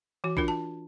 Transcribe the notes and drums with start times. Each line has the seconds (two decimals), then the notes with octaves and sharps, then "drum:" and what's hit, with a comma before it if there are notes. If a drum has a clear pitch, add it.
0.24 E3 F#4
0.37 D4 F4 A#4, drum: kick A#1
0.48 A5